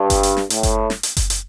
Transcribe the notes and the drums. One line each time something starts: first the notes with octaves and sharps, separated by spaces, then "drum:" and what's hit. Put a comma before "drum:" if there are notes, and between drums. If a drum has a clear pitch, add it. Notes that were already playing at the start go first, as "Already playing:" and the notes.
Already playing: G2
drum: kick F#1, hi-hat
drum: hi-hat
drum: snare
A2, drum: hi-hat
drum: kick F#1, hi-hat
drum: snare
drum: hi-hat
drum: kick F#1, hi-hat
drum: hi-hat